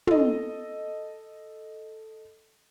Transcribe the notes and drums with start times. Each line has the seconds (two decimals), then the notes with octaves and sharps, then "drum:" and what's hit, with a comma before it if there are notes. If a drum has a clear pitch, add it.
0.07 A4 D#5, drum: tom